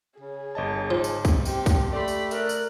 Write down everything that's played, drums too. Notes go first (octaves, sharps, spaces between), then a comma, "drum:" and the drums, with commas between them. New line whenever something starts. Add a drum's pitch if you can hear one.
C#3 G#4
G1 D#5 A5
G#2 F3 A5
drum: tambourine
drum: kick, tambourine
C4 G4, drum: tambourine
drum: kick, tambourine
A3 G4 D5 B5 C6
drum: tambourine
A#4 D5 E5 F#6, drum: tambourine
drum: tambourine